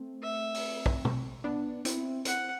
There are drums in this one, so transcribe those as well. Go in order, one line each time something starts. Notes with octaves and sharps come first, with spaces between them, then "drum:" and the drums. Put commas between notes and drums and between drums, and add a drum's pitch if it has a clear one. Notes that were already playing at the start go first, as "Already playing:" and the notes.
Already playing: A3 C4
E5
drum: open hi-hat
drum: kick
drum: tom
B3 D4
C4 E4, drum: hi-hat
C4 E4 F#5, drum: hi-hat